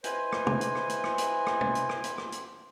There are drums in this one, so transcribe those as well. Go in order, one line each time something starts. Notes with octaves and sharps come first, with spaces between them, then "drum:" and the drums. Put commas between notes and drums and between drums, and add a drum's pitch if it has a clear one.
E4 B4 C5 D#5 G#5 C6, drum: hi-hat
drum: rim click
drum: tom
drum: hi-hat
drum: rim click
drum: hi-hat
drum: rim click
drum: hi-hat
drum: rim click
drum: tom
drum: hi-hat
drum: rim click
drum: hi-hat
drum: rim click
drum: hi-hat